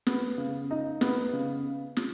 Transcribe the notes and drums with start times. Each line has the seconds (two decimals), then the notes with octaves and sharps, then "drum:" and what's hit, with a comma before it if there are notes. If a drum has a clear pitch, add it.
0.07 B3, drum: snare
0.38 C#3
0.71 D#4
1.01 B3, drum: snare
1.33 C#3
1.97 drum: snare